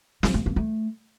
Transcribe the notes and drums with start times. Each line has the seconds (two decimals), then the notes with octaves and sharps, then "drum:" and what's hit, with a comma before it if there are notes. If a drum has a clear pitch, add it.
0.23 F3, drum: snare
0.34 A3
0.46 A#3
0.56 A3